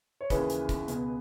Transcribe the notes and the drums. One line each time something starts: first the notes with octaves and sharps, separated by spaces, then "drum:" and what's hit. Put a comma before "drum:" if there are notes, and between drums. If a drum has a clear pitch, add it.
C#5
D#2 C#3 E3 G#4 B4, drum: kick, hi-hat
drum: hi-hat
drum: kick, hi-hat
C#2 B2, drum: hi-hat